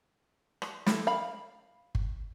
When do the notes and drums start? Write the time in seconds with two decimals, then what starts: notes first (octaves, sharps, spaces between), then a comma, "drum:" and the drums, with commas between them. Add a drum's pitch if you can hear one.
0.62 drum: rim click
0.86 E4 A4, drum: snare
1.07 F5 B5
1.95 drum: kick G1